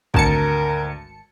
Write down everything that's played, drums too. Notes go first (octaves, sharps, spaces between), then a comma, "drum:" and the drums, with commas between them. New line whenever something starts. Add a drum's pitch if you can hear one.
G#1 D2 A#4 A5 C#7, drum: kick A#1